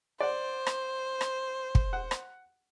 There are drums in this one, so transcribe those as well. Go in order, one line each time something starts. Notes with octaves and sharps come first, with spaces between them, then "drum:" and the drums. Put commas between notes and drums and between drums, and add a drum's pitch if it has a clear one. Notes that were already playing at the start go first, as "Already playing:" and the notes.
C5 D5 F#5
drum: rim click
drum: rim click
drum: kick
F#5
drum: rim click